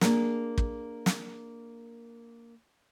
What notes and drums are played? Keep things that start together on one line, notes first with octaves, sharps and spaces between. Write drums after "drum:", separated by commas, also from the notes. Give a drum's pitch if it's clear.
A#3 D4 G#4 A#4, drum: snare
drum: kick
drum: snare